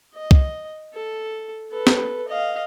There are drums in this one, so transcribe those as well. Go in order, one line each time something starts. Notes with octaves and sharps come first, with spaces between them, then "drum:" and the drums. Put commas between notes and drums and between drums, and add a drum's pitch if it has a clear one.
D#5
drum: kick
A4
A4 B4
drum: snare
D#5 F5